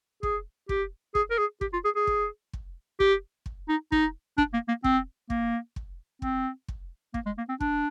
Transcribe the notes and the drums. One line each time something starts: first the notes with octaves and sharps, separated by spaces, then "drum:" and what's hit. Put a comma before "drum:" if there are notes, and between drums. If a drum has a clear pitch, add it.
G#4, drum: kick
G4, drum: kick
G#4, drum: kick
A#4
G#4
G4, drum: kick
F4
G#4
G#4
drum: kick
drum: kick
G4, drum: kick
drum: kick
D#4
D#4, drum: kick
D4, drum: kick
A#3
A#3
C4, drum: kick
A#3, drum: kick
drum: kick
C4, drum: kick
drum: kick
A#3, drum: kick
G#3
A#3
C4
D4, drum: kick